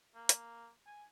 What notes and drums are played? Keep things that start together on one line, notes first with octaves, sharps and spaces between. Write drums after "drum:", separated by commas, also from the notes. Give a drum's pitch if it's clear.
A#3
drum: hi-hat
G#5